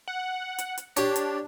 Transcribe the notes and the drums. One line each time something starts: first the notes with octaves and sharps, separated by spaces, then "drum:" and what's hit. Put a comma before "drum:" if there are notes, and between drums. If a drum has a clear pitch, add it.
F#5
drum: hi-hat
drum: hi-hat
D4 G4 C#5, drum: hi-hat
drum: hi-hat